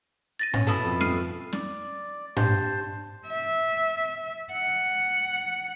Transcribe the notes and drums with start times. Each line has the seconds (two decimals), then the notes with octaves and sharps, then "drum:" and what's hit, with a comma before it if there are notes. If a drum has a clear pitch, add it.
0.39 A6 A#6 D#7
0.54 C#4, drum: tom G#2
0.67 B2 E4 A4
0.83 F2
1.01 F6 C7 D#7, drum: snare C#4
1.53 D5, drum: snare C#4
2.37 D4 G4 C5 A5, drum: tom G#2
3.27 E5
4.52 F#5